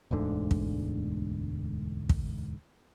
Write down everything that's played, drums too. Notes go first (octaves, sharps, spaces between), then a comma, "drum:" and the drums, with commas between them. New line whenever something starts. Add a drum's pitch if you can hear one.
E1 D2 G#2 D3
drum: kick
drum: kick